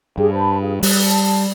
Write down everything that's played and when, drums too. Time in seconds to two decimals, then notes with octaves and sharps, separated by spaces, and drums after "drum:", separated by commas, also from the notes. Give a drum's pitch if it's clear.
0.18 G2 G4 G#4 G5
0.32 C5 A5 B5
0.61 F4 G#4
0.83 G3 F#6, drum: open hi-hat
1.04 A5